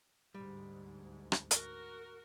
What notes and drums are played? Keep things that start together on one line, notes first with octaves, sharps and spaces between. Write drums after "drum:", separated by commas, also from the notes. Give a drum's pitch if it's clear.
D2 G#2 G3
drum: rim click
F#4 A#4, drum: hi-hat